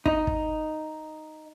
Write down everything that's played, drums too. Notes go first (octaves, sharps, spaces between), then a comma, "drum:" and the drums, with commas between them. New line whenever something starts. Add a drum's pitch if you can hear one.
D#4, drum: kick
drum: kick